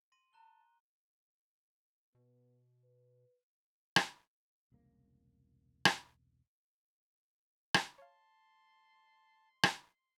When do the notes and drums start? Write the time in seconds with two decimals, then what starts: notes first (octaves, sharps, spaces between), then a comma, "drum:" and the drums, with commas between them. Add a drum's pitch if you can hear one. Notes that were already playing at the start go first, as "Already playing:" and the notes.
0.12 C6 A#6 D#7
0.33 A5 A#5 F#6 G7
2.15 B2 B3
2.84 B4
3.96 drum: rim click
4.72 E1 C2 C#3 A#3
5.85 drum: rim click
7.74 drum: rim click
7.98 C#5 F5 A5 C6
9.63 drum: rim click